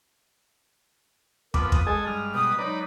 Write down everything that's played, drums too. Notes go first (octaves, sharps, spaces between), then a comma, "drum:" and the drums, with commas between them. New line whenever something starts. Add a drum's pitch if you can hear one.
F2 B3 A#4 B4 D6, drum: kick
D#6, drum: kick
G#3 A4 G#5
G2 F6
B2 G3 B4 D#6
F#3 G#3 D#4 B4 D5 D#5